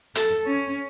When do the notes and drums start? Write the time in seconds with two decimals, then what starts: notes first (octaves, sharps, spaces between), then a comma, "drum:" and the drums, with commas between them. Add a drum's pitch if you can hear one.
0.15 A4, drum: hi-hat
0.46 C#4